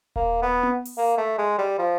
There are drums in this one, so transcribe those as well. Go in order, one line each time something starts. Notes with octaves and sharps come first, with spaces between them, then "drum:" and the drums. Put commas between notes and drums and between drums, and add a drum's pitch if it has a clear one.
A#3, drum: kick D#1
B3
drum: tom B3
drum: open hi-hat
A#3
A3
G#3
G3
F3